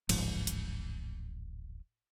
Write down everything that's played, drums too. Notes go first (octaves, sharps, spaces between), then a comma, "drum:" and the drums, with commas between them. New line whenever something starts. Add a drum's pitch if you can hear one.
D1 A1 G#2 F3, drum: cymbal
drum: hi-hat